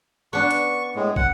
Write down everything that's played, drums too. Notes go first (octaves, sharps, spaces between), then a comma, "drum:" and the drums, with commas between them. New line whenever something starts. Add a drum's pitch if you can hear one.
B3 D4 C#6
drum: hi-hat
A2 G#3
F#5, drum: kick